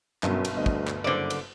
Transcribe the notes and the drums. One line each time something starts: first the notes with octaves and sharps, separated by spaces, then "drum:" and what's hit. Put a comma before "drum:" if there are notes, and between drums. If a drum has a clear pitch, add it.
G1 F#2 B2, drum: clap
drum: cymbal
D2 D#5
drum: kick
drum: clap
F#1 D3 B4 C5 D5
drum: cymbal